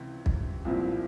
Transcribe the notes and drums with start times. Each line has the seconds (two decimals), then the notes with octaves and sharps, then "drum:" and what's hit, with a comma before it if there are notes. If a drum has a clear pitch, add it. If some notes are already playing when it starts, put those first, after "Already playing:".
Already playing: C#2 C3 E3
0.26 drum: kick
0.65 C2 A#2 F3 C4 E4